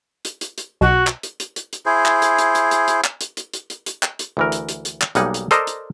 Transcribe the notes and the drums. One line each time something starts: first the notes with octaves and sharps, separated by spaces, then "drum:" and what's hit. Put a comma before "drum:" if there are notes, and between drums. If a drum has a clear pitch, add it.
drum: hi-hat
drum: hi-hat
drum: hi-hat
B1 F#4
drum: clap
drum: hi-hat
drum: hi-hat
drum: hi-hat
drum: hi-hat
E4 G#4 C5
drum: clap
drum: hi-hat
drum: hi-hat
drum: hi-hat
drum: hi-hat
drum: hi-hat
drum: clap
drum: hi-hat
drum: hi-hat
drum: hi-hat
drum: hi-hat
drum: hi-hat
drum: clap
drum: hi-hat
D2 E3 A#4
drum: hi-hat
drum: hi-hat
drum: hi-hat
drum: clap
B1 G3 A#3 D#4 F#5 G#5, drum: hi-hat
drum: hi-hat
A4 A#4 C5 D5 D#5 A#5, drum: hi-hat
drum: hi-hat